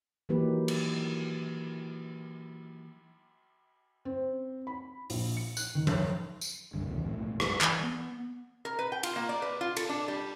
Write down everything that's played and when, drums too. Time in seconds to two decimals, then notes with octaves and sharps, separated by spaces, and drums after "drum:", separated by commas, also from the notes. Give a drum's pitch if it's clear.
0.29 E3 F#3 A#3 D#4 G4 B4
0.68 drum: cymbal
4.05 C4
4.67 B5
5.10 A#1, drum: open hi-hat
5.37 C#7
5.57 F#6, drum: tambourine
5.75 D#3
5.87 drum: tom
6.41 drum: tambourine
6.74 F#1 B1 G2 D3
6.88 D#2 C3 E3
7.05 B1 F2 A2
7.40 G2, drum: rim click
7.61 E3, drum: clap
7.83 B3
8.65 A#4
8.79 B4
8.92 G5
9.03 F4, drum: cymbal
9.16 A#3
9.29 D5
9.42 B4
9.61 F4
9.77 A4, drum: cymbal
9.89 D4
10.08 G3